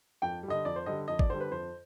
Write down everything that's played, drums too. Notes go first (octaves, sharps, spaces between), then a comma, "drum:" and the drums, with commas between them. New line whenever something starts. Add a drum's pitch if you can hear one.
F2 G5
G3
D3 D#5
F2 D5
C5
D3 G3 D#5
F2 D#5
D5, drum: kick G#1
D3 G3 C5
B4
F2 C5